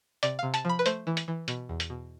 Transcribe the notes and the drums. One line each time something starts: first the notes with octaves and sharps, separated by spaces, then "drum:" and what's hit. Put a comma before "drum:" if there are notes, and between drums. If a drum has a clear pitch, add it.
C3 D5, drum: hi-hat
C3 F5
A5, drum: hi-hat
F3 B5
B4
A3 C5, drum: hi-hat
E3
drum: hi-hat
E3
B2, drum: hi-hat
E2
drum: hi-hat
B2